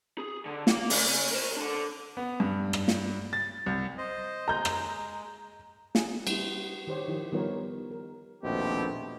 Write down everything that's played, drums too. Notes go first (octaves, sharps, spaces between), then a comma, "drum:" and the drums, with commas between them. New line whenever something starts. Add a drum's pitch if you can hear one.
G#4
D3
A#3 F5, drum: snare
C#3, drum: open hi-hat
A#4 C5
D4 A4
B3
G2
drum: rim click
drum: snare
A6
C2
C5 D#5
G#3 A#5 G6
drum: rim click
G#4, drum: snare
G3 E4, drum: cymbal
D#3 G4 C5 C#5
D#3 F3 E4 G4
D#3 G3 B3 F4 A#4 C#5
A#4
A#1 D#2 B2 A3 C4 G4